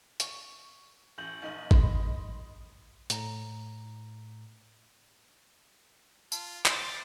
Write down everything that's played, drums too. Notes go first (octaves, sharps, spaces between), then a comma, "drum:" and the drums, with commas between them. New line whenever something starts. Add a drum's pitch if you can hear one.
C#6, drum: hi-hat
A1 G6 F#7
A#1 D#4 F#7
D#5 B5 C6, drum: kick G#1
A2 A#5, drum: hi-hat
F4 A5, drum: tambourine
C5 C6 D6 A6 G7, drum: clap